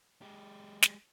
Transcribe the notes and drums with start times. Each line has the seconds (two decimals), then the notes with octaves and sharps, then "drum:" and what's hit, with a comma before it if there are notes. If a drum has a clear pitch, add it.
0.22 G#3 G4
0.82 drum: snare